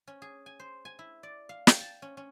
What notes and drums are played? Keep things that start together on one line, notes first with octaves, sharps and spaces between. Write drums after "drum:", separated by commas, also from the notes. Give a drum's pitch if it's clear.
C#4
G#4
G#5
C5
G#5
E4
D5
F5
G5, drum: snare
A5
C#4
C#4